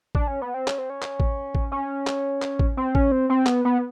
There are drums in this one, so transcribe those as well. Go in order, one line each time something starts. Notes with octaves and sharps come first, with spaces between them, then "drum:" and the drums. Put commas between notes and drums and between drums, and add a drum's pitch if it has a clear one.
D4, drum: kick
C#4
B3
C4
C#4, drum: clap
C4
C#4
drum: clap
drum: kick
drum: kick
C#4
drum: clap
drum: clap
drum: kick
C4
C#4, drum: kick
C4
C4
B3, drum: clap
B3